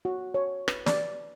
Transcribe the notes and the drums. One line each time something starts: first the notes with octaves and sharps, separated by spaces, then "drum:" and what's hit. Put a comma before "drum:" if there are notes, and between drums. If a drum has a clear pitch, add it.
F#4
C#5
B4, drum: rim click
D5, drum: snare